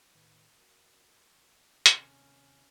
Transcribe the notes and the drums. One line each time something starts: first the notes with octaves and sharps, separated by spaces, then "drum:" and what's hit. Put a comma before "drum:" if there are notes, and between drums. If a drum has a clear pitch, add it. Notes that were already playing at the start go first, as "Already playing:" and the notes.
A2 D#3 B4
F#4 A#4
D#2 C3 C#4, drum: hi-hat